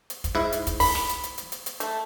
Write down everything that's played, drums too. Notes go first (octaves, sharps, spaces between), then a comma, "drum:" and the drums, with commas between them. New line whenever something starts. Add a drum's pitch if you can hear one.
drum: hi-hat
drum: kick, hi-hat
G#2 E4
drum: hi-hat
drum: kick, hi-hat
B5, drum: kick, open hi-hat
drum: snare
drum: hi-hat
drum: hi-hat
drum: hi-hat
drum: hi-hat
drum: hi-hat
A3, drum: hi-hat